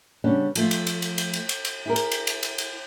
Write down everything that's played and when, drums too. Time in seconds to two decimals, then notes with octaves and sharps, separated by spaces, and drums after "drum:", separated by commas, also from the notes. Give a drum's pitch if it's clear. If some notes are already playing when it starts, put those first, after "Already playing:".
0.24 C#3 G3 B3 C#4 D4
0.55 F3 A3 F4, drum: cymbal
0.71 drum: cymbal
0.87 drum: cymbal
1.02 drum: cymbal
1.18 drum: cymbal
1.33 drum: cymbal
1.49 drum: cymbal
1.65 drum: cymbal
1.86 E4 G#4 A#4
1.96 drum: cymbal
2.12 drum: cymbal
2.27 drum: cymbal
2.43 drum: cymbal
2.58 drum: cymbal